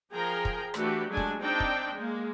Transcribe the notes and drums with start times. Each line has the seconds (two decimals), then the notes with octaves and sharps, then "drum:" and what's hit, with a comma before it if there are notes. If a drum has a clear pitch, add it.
0.12 F3 G#4 A#4 G5 A#5
0.45 drum: kick
0.74 E3 A3 D4 F#4 G4 B4, drum: rim click
1.08 F#3 G#3 A3 D4 G#5
1.17 drum: kick
1.40 C4 D4 D#4 D5 G5
1.60 drum: kick
1.95 G#3 A#3